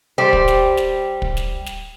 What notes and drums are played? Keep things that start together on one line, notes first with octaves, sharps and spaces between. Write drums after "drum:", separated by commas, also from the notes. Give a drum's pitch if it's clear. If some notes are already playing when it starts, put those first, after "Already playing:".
G3 G4 C5
drum: kick
drum: snare
drum: snare
drum: kick
drum: snare
drum: snare